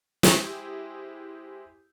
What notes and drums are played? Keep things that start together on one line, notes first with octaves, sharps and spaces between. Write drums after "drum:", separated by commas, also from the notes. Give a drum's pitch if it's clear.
G#3 E4 G4 G#4 C5, drum: snare